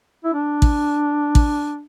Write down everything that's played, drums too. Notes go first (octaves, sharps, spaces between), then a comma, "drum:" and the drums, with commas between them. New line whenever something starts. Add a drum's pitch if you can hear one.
E4
D4
drum: kick A1
drum: kick A1